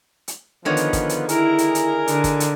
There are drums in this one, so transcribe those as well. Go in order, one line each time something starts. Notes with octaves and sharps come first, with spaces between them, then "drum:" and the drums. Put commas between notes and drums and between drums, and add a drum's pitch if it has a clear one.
drum: hi-hat
D3 D#3 F3 B3 C#5
drum: hi-hat
drum: kick, hi-hat
drum: hi-hat
E4 G#4 A#4, drum: hi-hat
drum: hi-hat
drum: hi-hat
D3, drum: hi-hat
drum: kick, hi-hat
drum: hi-hat